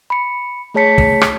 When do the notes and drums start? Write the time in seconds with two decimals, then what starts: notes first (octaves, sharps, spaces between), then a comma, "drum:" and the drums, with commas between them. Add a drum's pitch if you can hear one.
0.10 B5 C#7
0.74 A3 G#4 C#5 A5 B6 C#7
0.98 drum: kick
1.21 drum: rim click